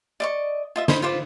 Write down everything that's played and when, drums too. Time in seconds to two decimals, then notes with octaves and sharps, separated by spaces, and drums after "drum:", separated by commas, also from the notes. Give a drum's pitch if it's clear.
0.20 D5 D#5 C#6
0.76 F4 D#5 E5
0.88 C5 D#5 B5, drum: snare
1.02 F4 B4 C5 D6